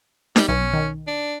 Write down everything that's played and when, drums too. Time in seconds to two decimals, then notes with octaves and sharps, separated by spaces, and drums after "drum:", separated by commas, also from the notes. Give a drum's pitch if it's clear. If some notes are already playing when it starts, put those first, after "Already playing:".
0.36 G3, drum: snare D#4
0.48 B1 B2 C#4
0.73 D#3
1.07 D4